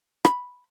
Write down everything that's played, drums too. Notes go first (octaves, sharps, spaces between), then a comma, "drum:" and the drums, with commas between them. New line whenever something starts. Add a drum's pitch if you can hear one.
B5, drum: rim click